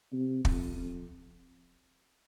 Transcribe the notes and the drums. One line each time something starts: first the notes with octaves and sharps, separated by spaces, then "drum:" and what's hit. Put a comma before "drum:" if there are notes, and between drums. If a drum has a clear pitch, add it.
C3
F2, drum: kick
F2